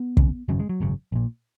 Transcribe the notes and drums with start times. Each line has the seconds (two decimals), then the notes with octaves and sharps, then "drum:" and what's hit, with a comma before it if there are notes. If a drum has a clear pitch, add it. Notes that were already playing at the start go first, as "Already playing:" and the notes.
Already playing: B3
0.17 F1 D#2 C#3, drum: kick
0.48 G#1 F#2 C#3 F#3
0.60 G#3
0.69 F#3
0.80 G#1 F#2 C#3
1.12 A#1 A#2